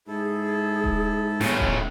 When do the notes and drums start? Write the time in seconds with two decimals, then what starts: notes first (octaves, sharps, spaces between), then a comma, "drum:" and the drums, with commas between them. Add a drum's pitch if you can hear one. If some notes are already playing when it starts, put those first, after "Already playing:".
0.07 G#2 E4 G#4 A4
0.84 drum: kick D#1
1.41 G1 A2 C#3, drum: snare
1.60 drum: kick D#1